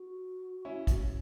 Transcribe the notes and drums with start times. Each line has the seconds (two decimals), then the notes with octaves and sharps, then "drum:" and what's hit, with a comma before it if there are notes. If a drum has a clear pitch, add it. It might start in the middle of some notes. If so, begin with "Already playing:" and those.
Already playing: F#4
0.65 C#4 E4
0.87 drum: kick, hi-hat